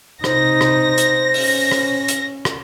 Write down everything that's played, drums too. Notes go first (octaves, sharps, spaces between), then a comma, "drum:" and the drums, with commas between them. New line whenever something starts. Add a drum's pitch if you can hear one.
C3 D#4 C5 A#6, drum: rim click
drum: rim click
drum: hi-hat
C#4, drum: open hi-hat
drum: rim click
drum: hi-hat
drum: rim click